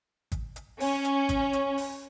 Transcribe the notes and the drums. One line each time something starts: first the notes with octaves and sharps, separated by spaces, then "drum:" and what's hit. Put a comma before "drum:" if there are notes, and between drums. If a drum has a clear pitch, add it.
drum: kick G#1, hi-hat
drum: hi-hat
C#4, drum: open hi-hat
drum: hi-hat
drum: kick G#1, hi-hat
drum: hi-hat
drum: open hi-hat